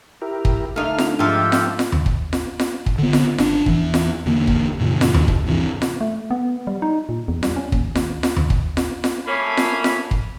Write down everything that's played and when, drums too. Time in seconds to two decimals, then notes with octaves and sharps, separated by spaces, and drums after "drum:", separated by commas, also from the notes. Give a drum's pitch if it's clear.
0.22 E4 G4 A#4
0.45 drum: kick
0.76 D2 D#4 A4 F5 F6
0.98 drum: snare F4
1.19 G#2 F3 F4 G4 A4 E5 G5
1.52 drum: snare F4
1.79 drum: snare F4
1.92 drum: tom D#2
2.06 drum: kick
2.33 drum: snare F4
2.59 drum: snare F4
2.86 drum: kick
2.98 D3 B3
3.13 drum: snare F4
3.38 G#1 D4, drum: snare F4
3.66 E2 E3, drum: kick
3.94 drum: snare F4
4.26 E2 D3 A#3
4.47 drum: kick
4.80 F#2 A#2 C#3 E3
5.01 drum: snare F4
5.14 drum: tom D#2
5.28 drum: kick
5.47 G2 C3 E3
5.82 drum: snare F4
6.01 A3
6.31 B3
6.67 G3
6.82 D#4
7.09 A#2
7.28 E2
7.43 G3, drum: snare F4
7.56 C#4
7.72 D#2, drum: kick
7.95 D#2, drum: snare F4
8.23 drum: snare F4
8.37 drum: tom D#2
8.50 drum: kick
8.77 drum: snare F4
9.04 drum: snare F4
9.27 F#2 A3 A#3 C#5 G#5 B5
9.57 drum: snare F4
9.84 drum: snare F4
10.11 drum: kick